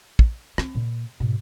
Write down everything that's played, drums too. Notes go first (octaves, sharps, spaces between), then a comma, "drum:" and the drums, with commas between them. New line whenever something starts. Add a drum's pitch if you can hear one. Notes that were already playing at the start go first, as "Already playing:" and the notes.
drum: kick
C4, drum: rim click
A#2
G#2 B2